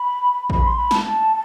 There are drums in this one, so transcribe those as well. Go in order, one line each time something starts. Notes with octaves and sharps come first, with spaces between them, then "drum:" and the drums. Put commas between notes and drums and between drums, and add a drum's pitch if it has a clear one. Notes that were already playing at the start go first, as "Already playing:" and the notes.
Already playing: B5
B5, drum: kick A1
C6
B5
A5, drum: snare